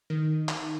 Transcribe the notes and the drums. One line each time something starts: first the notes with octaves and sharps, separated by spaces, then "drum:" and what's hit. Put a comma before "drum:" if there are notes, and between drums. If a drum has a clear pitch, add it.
D#3
drum: clap